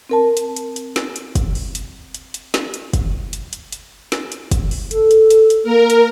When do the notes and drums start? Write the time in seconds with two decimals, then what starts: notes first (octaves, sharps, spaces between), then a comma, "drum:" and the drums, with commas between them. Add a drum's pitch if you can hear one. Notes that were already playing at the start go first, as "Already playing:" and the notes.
0.10 C4 A#4 A5
0.37 drum: hi-hat
0.56 drum: hi-hat
0.76 drum: hi-hat
0.96 drum: snare
1.16 drum: hi-hat
1.35 drum: kick, hi-hat
1.55 drum: open hi-hat
1.75 drum: hi-hat
2.14 drum: hi-hat
2.34 drum: hi-hat
2.54 drum: snare
2.74 drum: hi-hat
2.93 drum: kick, hi-hat
3.33 drum: hi-hat
3.53 drum: hi-hat
3.72 drum: hi-hat
4.12 drum: snare
4.32 drum: hi-hat
4.51 drum: kick, hi-hat
4.71 drum: open hi-hat
4.91 A4, drum: hi-hat
5.11 drum: hi-hat
5.30 drum: hi-hat
5.50 drum: hi-hat
5.64 A#3 A#4
5.90 drum: hi-hat